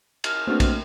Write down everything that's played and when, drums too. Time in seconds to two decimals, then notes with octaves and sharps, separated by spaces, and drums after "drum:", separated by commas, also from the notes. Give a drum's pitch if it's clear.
0.24 F6, drum: cymbal
0.47 A3 A#3 C4 D4 F#4 B4
0.60 drum: kick A#1, cymbal